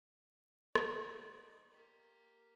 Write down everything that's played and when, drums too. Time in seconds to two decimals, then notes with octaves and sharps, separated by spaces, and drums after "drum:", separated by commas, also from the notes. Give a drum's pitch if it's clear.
0.75 B3 D#4 D5, drum: rim click
1.71 A#3 G4